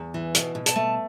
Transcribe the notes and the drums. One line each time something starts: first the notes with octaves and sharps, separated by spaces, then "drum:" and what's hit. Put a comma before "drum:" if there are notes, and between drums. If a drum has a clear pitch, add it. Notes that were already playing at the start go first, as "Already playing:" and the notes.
Already playing: E2
E3
B2, drum: hi-hat
B2
A5, drum: hi-hat
A3